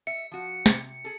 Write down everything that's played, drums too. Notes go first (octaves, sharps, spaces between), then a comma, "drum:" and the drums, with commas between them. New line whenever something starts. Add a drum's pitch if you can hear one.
E5 C#7
F3 F#4
C3, drum: snare
G#4 A4